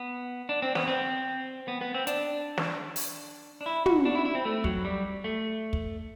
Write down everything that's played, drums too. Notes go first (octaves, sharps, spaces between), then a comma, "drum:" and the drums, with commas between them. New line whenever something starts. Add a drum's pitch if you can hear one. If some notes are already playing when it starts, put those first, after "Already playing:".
Already playing: B3
D4
C4
B3, drum: snare
C4
B3
B3
C4
D4, drum: hi-hat
drum: snare
drum: open hi-hat
D4
E4
F#4, drum: tom
D4
E4
E4
C4
A3
F#3, drum: kick
G3
A3
drum: kick